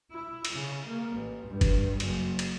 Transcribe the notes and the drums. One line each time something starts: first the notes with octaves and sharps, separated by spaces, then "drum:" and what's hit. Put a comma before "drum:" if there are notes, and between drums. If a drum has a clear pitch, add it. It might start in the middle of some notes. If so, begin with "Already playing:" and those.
E4
drum: cymbal
C#3
A#3
A1
G2
drum: kick, cymbal
F#1, drum: cymbal
drum: cymbal